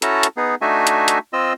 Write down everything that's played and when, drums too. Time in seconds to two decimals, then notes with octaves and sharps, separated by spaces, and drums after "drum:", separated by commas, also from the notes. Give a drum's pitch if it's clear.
0.02 C#4 E4 F#4 A4 A5 A#5, drum: hi-hat
0.23 drum: hi-hat
0.37 B3 D#4 G#4
0.62 A3 D4 D#4 F#4 E5 G#5
0.87 drum: hi-hat
1.08 drum: hi-hat
1.33 C4 F4 D#5 E6